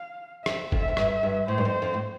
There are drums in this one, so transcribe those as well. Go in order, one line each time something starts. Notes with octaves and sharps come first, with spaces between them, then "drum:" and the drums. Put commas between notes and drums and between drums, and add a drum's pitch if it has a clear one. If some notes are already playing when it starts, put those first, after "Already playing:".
Already playing: F5
F2 E5, drum: rim click
F2, drum: kick
F2
G2, drum: rim click
G2
A2 C5
G2
F2
F2
A2